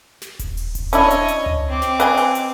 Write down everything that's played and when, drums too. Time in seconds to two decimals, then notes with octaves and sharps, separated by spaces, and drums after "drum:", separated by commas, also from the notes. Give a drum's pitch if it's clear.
0.22 drum: snare
0.39 drum: kick D#1, hi-hat
0.57 drum: open hi-hat
0.75 drum: kick D#1, hi-hat
0.93 C#4 D4 E4 C#5 D#5, drum: hi-hat
1.11 drum: hi-hat
1.28 drum: hi-hat
1.46 drum: tom C#2
1.69 C4 D6
1.82 drum: snare
2.00 B4 D#5 G#5, drum: hi-hat
2.17 drum: open hi-hat
2.35 drum: hi-hat